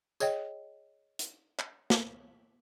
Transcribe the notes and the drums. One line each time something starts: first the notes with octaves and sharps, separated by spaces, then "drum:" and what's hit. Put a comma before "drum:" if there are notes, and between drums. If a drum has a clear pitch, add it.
G#4 C#5 D#5 G5, drum: tambourine
drum: hi-hat
drum: clap
drum: snare